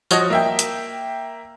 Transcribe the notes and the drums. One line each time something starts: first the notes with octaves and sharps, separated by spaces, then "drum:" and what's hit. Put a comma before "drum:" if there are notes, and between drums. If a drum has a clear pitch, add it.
F3 F#4 C#5 D#5, drum: tambourine
A#3 E5 G5
drum: hi-hat